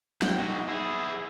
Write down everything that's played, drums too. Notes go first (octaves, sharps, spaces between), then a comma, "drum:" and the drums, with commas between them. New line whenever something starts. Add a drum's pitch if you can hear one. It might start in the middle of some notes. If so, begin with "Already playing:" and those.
F#5 G5, drum: snare
D#4 F#4
E4 G#4